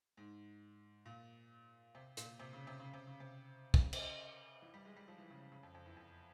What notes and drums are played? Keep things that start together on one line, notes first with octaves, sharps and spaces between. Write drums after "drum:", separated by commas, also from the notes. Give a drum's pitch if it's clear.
G#2
A#2
C3
A#2, drum: hi-hat
C3
C#3
C3
C#3
C3
C#3
C3
C#3, drum: kick
drum: cymbal
E3
G3
G#3
G3
F3
E3
C#3
C#3
C#3
F2
F2
E2
F2